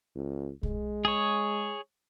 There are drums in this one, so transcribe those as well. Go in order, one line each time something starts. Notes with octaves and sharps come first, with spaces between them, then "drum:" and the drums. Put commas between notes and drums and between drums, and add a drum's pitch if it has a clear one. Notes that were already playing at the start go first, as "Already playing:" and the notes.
C#2
G#3, drum: kick
G#4 C#5